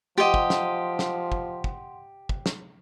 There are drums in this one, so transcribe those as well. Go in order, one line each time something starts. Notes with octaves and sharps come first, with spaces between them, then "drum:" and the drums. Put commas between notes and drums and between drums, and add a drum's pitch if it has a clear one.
F3 G4 D#5 F#5 C6
drum: kick
drum: snare
drum: snare
drum: kick
drum: kick
drum: kick
drum: snare